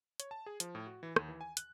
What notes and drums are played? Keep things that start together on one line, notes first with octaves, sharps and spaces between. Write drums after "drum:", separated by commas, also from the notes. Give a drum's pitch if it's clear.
C#5, drum: hi-hat
A5
G#4
F3, drum: hi-hat
A2
F#4
E3
D#2, drum: rim click
E3
G#5
F#6, drum: hi-hat